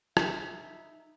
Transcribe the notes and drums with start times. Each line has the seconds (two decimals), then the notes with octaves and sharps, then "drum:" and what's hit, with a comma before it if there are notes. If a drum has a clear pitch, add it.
0.17 D#4 E5 B5, drum: rim click